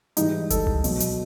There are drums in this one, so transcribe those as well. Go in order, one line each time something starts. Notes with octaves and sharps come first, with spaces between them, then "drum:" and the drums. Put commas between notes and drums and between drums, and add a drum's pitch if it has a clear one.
G#2 E3 G3 D#4, drum: hi-hat
A4, drum: kick G1, hi-hat
drum: tom C2
B2 F#3, drum: open hi-hat
drum: hi-hat